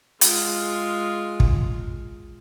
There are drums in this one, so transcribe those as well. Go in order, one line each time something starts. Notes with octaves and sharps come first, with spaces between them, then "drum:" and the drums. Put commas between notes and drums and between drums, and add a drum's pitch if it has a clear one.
G#3 F4, drum: hi-hat
drum: kick